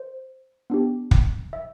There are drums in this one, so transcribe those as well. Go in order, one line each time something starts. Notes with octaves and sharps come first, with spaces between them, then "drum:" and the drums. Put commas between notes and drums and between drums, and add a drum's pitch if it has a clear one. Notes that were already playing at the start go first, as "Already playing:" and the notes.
Already playing: C5
B3 D4 G4
drum: kick
E5